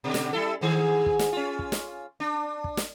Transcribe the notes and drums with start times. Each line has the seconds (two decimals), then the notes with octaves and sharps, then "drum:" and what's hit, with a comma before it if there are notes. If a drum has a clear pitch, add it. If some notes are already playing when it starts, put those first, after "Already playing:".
0.04 B2 D3
0.14 drum: snare
0.33 G3 E4 A4
0.61 G#2 D#3 G#4
1.06 drum: kick
1.19 drum: snare
1.33 C#4 F4
1.59 drum: kick
1.72 drum: snare
2.20 D4
2.64 drum: kick
2.77 drum: snare